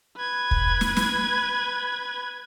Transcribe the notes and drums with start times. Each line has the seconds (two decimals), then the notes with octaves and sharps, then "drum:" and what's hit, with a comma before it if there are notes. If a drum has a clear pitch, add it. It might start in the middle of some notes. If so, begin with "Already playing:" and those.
0.16 B4 G#6
0.51 drum: kick
0.81 drum: snare
0.97 drum: snare